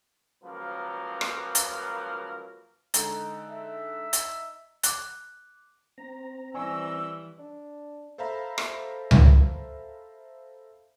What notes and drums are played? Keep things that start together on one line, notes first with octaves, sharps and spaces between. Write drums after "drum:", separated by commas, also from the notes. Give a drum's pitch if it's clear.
C#2 F3 F#3 A#3 A#4 B4
drum: rim click
drum: hi-hat
D3 G#3 D#4 A4, drum: hi-hat
E5
drum: hi-hat
D6 F#6, drum: hi-hat
C4 A#5
E3 G3 D5 G#5 C#6 E6
D4
A4 C5 E5 F5 A#5 B5
drum: rim click
drum: tom C#2